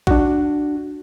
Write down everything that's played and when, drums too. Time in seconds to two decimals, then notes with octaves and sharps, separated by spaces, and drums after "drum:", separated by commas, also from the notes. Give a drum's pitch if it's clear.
0.07 D4 F#4, drum: kick A1